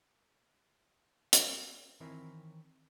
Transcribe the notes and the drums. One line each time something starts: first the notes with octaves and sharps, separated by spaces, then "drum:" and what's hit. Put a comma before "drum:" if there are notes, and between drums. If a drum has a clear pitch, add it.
drum: hi-hat
D#3 E3 C4 E4 A#4 C#5